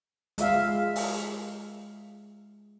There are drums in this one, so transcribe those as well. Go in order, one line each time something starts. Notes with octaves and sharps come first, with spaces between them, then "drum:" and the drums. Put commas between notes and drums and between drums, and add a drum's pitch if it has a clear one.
G#3 F4 E5 F5, drum: hi-hat
drum: open hi-hat